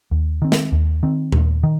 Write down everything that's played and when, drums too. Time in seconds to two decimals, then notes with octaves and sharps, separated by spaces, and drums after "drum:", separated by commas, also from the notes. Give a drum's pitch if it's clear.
0.11 D#2
0.42 D#3 C4
0.52 drum: snare
0.72 D#2
1.03 D#3 C4
1.32 D#2, drum: tom A#2
1.63 D#3